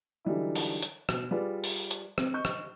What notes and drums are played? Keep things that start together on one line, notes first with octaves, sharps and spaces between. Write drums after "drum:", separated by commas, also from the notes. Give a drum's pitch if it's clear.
D3 E3 F#3 G3 D#4 E4
drum: open hi-hat
drum: hi-hat
B2, drum: rim click
G3 F4 G#4 B4 D5
drum: open hi-hat
drum: hi-hat
C4, drum: rim click
D#5 C#6 G6
drum: rim click